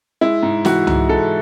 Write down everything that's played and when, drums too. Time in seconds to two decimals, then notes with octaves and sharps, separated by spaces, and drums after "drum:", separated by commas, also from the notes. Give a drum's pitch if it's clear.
0.21 G#3 E4
0.43 G#2
0.65 E3 F#4, drum: snare
0.87 G#2, drum: tom C2
1.09 G#3 A4